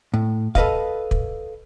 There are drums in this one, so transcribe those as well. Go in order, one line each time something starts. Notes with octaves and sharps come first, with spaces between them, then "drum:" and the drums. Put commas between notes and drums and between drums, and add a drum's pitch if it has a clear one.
A2
A4 B4 D#5 F5, drum: kick
drum: kick